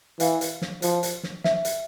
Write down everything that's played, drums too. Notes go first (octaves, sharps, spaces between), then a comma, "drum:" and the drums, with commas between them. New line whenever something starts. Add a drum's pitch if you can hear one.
E3 F5, drum: hi-hat
drum: hi-hat
drum: snare
F3, drum: hi-hat
drum: hi-hat
drum: snare
E5, drum: snare
drum: hi-hat